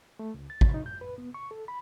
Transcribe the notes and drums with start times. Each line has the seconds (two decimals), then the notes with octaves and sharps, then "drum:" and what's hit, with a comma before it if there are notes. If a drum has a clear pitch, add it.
0.19 A3
0.34 C#2
0.50 A6
0.61 drum: kick
0.74 D#4
0.86 G6
1.01 B4
1.18 B3
1.34 C#6
1.51 A4
1.68 B5